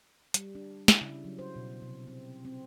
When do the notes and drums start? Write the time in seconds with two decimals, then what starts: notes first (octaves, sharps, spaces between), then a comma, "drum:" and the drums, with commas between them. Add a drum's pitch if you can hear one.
0.34 G3, drum: hi-hat
0.55 D4
0.88 E4, drum: snare
1.01 C#3
1.25 F#3
1.39 C5
1.56 B2
1.82 C3
2.07 C4
2.45 C4